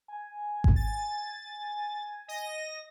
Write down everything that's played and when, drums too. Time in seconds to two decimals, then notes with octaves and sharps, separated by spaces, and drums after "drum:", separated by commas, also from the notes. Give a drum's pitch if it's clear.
0.08 G#5
0.64 drum: kick G#1
0.76 A6
2.28 D#5 A#6